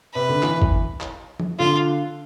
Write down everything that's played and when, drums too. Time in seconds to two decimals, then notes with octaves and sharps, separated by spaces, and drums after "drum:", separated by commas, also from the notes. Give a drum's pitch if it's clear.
0.13 C3 B4
0.29 D3
0.43 E3, drum: clap
0.62 drum: kick
1.01 drum: clap
1.40 drum: tom F3
1.59 D3 F4